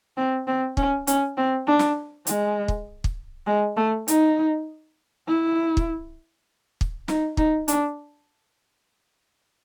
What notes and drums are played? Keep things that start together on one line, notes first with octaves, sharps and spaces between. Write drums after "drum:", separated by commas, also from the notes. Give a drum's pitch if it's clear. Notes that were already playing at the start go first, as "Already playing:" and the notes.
C4
C4
C#4, drum: kick
C#4, drum: hi-hat
C4
D4
drum: snare
G#3, drum: hi-hat
drum: kick
drum: kick
G#3
A3
D#4, drum: hi-hat
E4
drum: kick
drum: kick
D#4, drum: snare
D#4, drum: kick
D4, drum: hi-hat